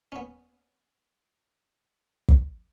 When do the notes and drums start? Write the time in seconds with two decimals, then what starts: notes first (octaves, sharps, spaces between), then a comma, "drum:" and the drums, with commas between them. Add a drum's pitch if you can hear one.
0.12 B3 C#4
2.28 drum: kick